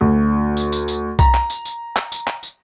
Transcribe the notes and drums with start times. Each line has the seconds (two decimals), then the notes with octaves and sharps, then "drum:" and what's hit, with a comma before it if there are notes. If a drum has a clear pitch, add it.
0.01 D2
0.57 drum: tambourine
0.72 drum: tambourine
0.88 drum: tambourine
1.19 A#5, drum: kick B1, tambourine
1.34 drum: clap
1.50 drum: tambourine
1.65 drum: tambourine
1.96 drum: clap
2.12 drum: tambourine
2.27 drum: clap
2.43 drum: tambourine